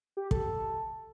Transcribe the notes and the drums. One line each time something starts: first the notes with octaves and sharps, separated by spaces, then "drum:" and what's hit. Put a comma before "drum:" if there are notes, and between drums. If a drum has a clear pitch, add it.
G4
A4, drum: kick